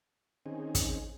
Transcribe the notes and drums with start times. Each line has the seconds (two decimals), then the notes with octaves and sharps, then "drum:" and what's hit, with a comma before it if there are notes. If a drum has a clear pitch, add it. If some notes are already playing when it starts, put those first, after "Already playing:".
0.46 D#3 C4 C#4 D#4 G#4
0.75 drum: kick, hi-hat